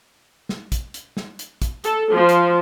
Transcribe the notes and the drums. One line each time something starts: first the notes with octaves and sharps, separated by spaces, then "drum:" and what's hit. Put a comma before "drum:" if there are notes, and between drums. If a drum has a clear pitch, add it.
drum: snare
drum: kick, hi-hat
drum: hi-hat
drum: snare
drum: hi-hat
drum: kick, hi-hat
A4, drum: hi-hat
F3
drum: hi-hat